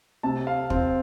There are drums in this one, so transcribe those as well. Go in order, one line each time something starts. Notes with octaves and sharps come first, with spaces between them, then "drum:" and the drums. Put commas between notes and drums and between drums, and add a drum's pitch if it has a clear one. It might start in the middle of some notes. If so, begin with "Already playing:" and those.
C3 A5
F5
C4, drum: kick